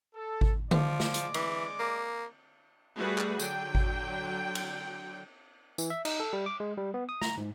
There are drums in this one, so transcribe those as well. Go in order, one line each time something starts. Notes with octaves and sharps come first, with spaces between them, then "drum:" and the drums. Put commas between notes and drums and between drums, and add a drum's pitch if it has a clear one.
A4
drum: kick G#1
F3 G#3 D5 D6, drum: tom D3
drum: snare
drum: hi-hat
E3, drum: cymbal
A#3
G3 A3 F#4 G#4 B4
drum: clap
D3 F#3 G5, drum: tambourine
drum: kick G#1
drum: cymbal
E3, drum: tambourine
E5
D#4, drum: cymbal
A4
G3
D6
G#3
G3
B3
D#6
A#5, drum: snare
G#2